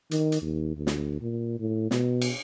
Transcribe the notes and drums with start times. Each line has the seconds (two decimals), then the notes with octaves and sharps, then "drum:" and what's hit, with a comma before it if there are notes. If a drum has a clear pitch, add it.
0.11 D#3, drum: hi-hat
0.32 drum: hi-hat
0.42 D#2
0.77 D2
0.87 drum: snare
1.21 A#2
1.60 A2
1.91 B2, drum: snare
2.22 drum: cymbal